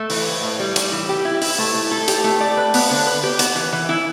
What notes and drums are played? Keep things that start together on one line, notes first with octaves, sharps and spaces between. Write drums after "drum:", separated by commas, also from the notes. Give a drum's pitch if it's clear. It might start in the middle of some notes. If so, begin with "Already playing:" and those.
Already playing: A3
E3, drum: open hi-hat
A2
A2
G3
G3, drum: hi-hat
E3
G4
E4
E4, drum: open hi-hat
A3
A3
A4
G4, drum: hi-hat
A3
D5
B4
B3, drum: open hi-hat
D3
B4
G4
B3, drum: hi-hat
E3
E3
E4